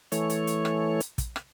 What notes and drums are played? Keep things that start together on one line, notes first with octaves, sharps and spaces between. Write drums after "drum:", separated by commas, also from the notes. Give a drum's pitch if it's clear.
E3 A3 C#5, drum: hi-hat
drum: hi-hat
drum: hi-hat
drum: rim click
drum: hi-hat
drum: kick, hi-hat
drum: rim click